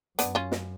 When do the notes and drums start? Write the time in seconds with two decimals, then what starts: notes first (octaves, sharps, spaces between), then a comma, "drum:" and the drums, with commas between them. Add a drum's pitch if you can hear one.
0.19 F#2 B3 D4, drum: hi-hat
0.35 C#4 F4
0.52 drum: snare